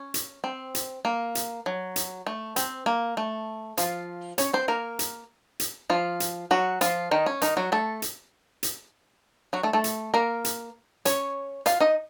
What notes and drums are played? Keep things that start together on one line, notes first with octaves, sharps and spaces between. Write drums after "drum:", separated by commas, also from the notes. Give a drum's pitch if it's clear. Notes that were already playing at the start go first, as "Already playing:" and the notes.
Already playing: C#4
drum: hi-hat
C4
drum: hi-hat
A#3
drum: hi-hat
F#3
drum: hi-hat
A3
C4, drum: hi-hat
A#3
A3
F3 F4, drum: hi-hat
C#4 C#5, drum: hi-hat
C4 C5
A#3 A#4
drum: hi-hat
drum: hi-hat
F3 F4
drum: hi-hat
F#3 F#4
F3 F4, drum: hi-hat
D#3 D#4
C#4
D#3 D#4, drum: hi-hat
F#3 F#4
A3 A4
drum: hi-hat
drum: hi-hat
F#3 F#4
A3 A4
A3 A4
drum: hi-hat
A#3 A#4
drum: hi-hat
C#4 C#5, drum: hi-hat
F4 F5, drum: hi-hat
D#4 D#5